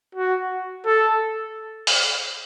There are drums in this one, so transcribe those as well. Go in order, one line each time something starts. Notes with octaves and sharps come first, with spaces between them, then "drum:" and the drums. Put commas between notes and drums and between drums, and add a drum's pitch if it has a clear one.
F#4
A4
drum: open hi-hat